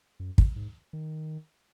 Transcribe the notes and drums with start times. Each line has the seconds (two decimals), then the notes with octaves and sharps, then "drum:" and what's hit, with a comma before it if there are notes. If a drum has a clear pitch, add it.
0.20 F#2
0.38 drum: kick
0.56 G#2
0.93 D#3